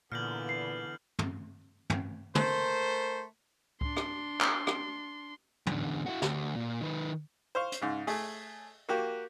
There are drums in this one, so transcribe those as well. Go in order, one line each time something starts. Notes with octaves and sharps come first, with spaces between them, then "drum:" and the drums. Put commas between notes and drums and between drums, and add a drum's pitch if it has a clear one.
A#2 D3 E3 B3 F6 G6 F#7
C7
drum: tom
drum: tom
A3 A#4 C5, drum: tom
D4 C6, drum: kick C#2
drum: rim click
drum: clap
drum: rim click
E2 D3, drum: tom
E4 F#4
D2, drum: snare
A#2
D#3 B4
C5 F5 C#6
drum: hi-hat
G#2 C#3
A3 G#4, drum: open hi-hat
A#3 F#4 G4